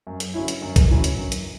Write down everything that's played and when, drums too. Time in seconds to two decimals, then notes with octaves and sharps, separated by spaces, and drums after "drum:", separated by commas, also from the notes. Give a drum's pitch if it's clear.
0.07 F#2
0.20 drum: hi-hat
0.34 D3 F#3 C#4 E4
0.48 drum: hi-hat
0.62 F#2
0.76 drum: kick A#1, hi-hat
0.90 D3 F#3 C#4 E4
1.04 drum: hi-hat
1.18 F#2
1.32 drum: hi-hat